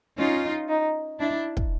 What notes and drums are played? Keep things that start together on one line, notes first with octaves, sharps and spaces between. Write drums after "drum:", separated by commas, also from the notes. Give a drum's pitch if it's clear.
C#4 D#4 F4
D#4
D4 E4
drum: kick